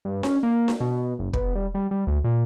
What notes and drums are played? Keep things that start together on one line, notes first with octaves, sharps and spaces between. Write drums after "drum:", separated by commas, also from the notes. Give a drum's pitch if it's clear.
G2
C#4, drum: snare D4
A#3
drum: snare D4
B2
F#1
B3, drum: kick
G3
G3
G3
D2
A#2